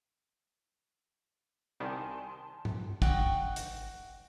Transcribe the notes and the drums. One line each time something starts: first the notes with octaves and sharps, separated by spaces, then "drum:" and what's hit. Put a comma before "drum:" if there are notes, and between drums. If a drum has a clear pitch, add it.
C2 D#3 G3 G#5 A5 C6
drum: tom G#2
D#5 F#5 G5 C#6, drum: kick
drum: hi-hat